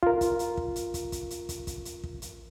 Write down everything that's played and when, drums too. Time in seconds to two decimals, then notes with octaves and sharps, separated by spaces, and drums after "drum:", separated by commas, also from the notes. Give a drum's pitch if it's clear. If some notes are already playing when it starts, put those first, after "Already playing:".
0.03 F4 A#4, drum: kick
0.21 drum: kick, hi-hat
0.39 drum: hi-hat
0.57 drum: kick
0.76 drum: hi-hat
0.94 drum: kick, hi-hat
1.12 drum: kick, hi-hat
1.30 drum: hi-hat
1.49 drum: kick, hi-hat
1.67 drum: kick, hi-hat
1.85 drum: hi-hat
2.04 drum: kick
2.22 drum: hi-hat